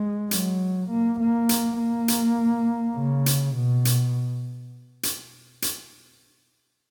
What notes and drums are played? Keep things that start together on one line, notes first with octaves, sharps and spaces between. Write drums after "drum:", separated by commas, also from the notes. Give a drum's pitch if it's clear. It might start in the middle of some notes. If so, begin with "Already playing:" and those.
Already playing: G#3
F#3, drum: hi-hat
A#3
A#3
drum: hi-hat
A#3
drum: hi-hat
C#3
drum: hi-hat
B2
drum: hi-hat
drum: hi-hat
drum: hi-hat